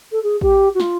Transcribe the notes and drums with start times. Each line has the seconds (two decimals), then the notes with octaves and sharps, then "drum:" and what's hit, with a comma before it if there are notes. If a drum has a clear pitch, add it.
0.12 A4
0.23 G#4
0.41 G4, drum: kick A1
0.74 F#4
0.80 F4, drum: snare